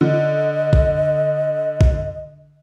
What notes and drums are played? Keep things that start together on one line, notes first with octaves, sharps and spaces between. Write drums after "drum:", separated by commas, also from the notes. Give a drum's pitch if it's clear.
D3 D#5
drum: kick
drum: kick